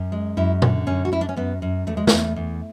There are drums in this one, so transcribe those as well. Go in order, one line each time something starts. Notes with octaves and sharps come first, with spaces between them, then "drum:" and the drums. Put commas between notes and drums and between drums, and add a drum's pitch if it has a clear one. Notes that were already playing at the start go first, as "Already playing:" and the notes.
Already playing: F#2
G#3
F#2 E4
D3, drum: tom A#2
F#2 C#4
F#4
F#2 E4
D4
C#4
F#2 B3
F#2
E2 A3
G#3
E2 A3, drum: snare
E2